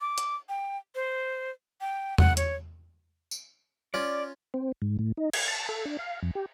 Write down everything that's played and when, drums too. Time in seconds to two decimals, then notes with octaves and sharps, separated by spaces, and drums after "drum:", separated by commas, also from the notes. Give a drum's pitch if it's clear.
0.01 D6
0.18 drum: hi-hat
0.49 G5
0.95 C5
1.81 G5
2.18 F#5, drum: tom E2
2.37 C#5, drum: hi-hat
3.31 drum: tambourine
3.94 C#4 F4 D5
4.54 C4
4.82 G#2
4.99 A2
5.17 D#4
5.33 G#6, drum: cymbal
5.48 A5
5.69 A4
5.85 D4
5.99 F5
6.23 F2
6.35 G4